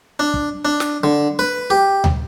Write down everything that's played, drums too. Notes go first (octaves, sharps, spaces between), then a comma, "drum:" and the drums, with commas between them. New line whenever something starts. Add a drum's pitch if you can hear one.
D4
drum: kick
D4
drum: snare
D3
B4
G4
drum: tom D2